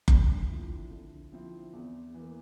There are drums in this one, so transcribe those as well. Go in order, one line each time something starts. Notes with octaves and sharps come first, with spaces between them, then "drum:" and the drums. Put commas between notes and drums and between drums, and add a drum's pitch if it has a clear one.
D3, drum: kick F#1
F3 C4 E4
D3
F3 C4 E4
E2
E3 A#3